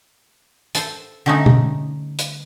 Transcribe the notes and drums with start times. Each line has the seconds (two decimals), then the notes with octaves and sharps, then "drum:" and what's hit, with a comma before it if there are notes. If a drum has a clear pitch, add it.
0.75 A4 C5, drum: hi-hat
1.26 D3 G3 A3 C#4 D#4
1.46 drum: tom
2.19 drum: hi-hat